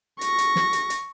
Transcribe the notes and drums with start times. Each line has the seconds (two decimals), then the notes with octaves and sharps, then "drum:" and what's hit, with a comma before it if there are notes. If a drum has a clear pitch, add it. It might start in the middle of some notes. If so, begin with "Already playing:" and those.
0.21 C#6 A#6, drum: hi-hat
0.38 drum: hi-hat
0.56 drum: snare
0.73 drum: hi-hat
0.90 drum: hi-hat